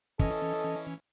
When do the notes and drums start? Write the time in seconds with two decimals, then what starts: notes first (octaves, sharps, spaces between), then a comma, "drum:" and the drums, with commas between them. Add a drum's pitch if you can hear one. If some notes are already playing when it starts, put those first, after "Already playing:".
0.19 E3 C#4 A4 D#5, drum: kick